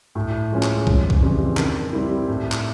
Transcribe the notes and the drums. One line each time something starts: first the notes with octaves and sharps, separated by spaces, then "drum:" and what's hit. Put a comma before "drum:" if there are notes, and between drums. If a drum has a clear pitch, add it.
A2
F3 G#3 C#4
drum: clap
F2, drum: kick
drum: kick
C#3 E3 G3 C4
D#3, drum: clap
G3 C4 E4
A2
drum: clap